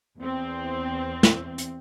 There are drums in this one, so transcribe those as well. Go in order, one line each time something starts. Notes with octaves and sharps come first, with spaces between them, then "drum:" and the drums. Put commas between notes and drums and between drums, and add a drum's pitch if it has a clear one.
E2 C4
drum: snare
drum: hi-hat